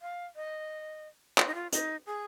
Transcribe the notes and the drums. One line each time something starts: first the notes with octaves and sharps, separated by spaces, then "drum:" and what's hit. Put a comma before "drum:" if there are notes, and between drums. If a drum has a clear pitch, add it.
F5
D#5
F4, drum: clap
D#4
F4
D#4, drum: hi-hat
G#4